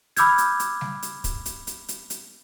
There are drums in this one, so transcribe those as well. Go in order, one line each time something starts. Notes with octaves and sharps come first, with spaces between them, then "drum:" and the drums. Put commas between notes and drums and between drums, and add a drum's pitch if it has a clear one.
B5 D6 E6 F6 G6 G#6, drum: hi-hat
drum: hi-hat
drum: hi-hat
drum: snare G3
drum: hi-hat
drum: kick, hi-hat
drum: hi-hat
drum: hi-hat
drum: hi-hat
drum: hi-hat